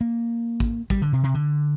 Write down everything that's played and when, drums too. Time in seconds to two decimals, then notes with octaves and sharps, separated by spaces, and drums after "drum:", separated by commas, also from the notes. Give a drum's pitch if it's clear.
0.01 A#3
0.60 drum: kick
0.90 G3, drum: kick
1.02 D3
1.13 C3
1.23 C3
1.34 D3